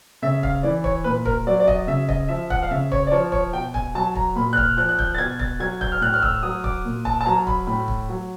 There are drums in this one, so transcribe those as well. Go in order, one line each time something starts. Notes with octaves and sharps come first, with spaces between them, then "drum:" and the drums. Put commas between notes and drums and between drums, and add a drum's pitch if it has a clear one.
C#3 E5
F5, drum: kick
E3 D5
C#5, drum: kick
A#2 B4
A#4, drum: kick
F#3 D5
D5
D#5, drum: kick
C#3 E5
D#5, drum: kick
F3 E5
F#5, drum: kick
F5
C#3 E5
C#5, drum: kick
D5
F3 C#5
C#5, drum: kick
B2 G5
G#5, drum: kick
F#3 A5
A#5, drum: kick
A#2 B5
F#6
F6, drum: kick
F3 F#6
F#6
G6, drum: kick
A6
B2 G#6
A6, drum: kick
F#3 G#6
G6, drum: kick
F6
A2 F#6
F6
E6, drum: kick
F#3 D#6
D6, drum: kick
A#2
A5, drum: kick
A5
F#3 A#5
B5, drum: kick
A2 B5
drum: kick
F#3